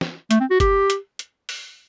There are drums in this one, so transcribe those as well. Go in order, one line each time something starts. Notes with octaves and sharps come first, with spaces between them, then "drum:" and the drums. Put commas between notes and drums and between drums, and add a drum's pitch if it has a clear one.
drum: snare
A3, drum: hi-hat
C4
F#4
G4, drum: kick F#1, hi-hat
drum: hi-hat
drum: hi-hat
drum: open hi-hat